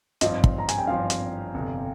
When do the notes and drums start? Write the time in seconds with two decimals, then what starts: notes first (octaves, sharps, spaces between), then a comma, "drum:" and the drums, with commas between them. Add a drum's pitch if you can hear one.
0.21 G#1 G2 F3 C4 F4 D#5, drum: hi-hat
0.44 drum: kick
0.58 A#5
0.69 G#5, drum: hi-hat
0.78 G5
0.87 G#1 G2 F3 C4 F4 F5
1.10 drum: hi-hat
1.54 G1 F2 C3